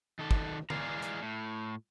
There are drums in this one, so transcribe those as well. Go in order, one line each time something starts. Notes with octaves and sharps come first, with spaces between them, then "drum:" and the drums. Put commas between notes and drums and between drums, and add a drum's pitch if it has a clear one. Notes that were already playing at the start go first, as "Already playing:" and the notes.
D#3 A4
drum: kick
E3 G#3 G#4 D5 F5 A#5, drum: tom D3
drum: hi-hat
A2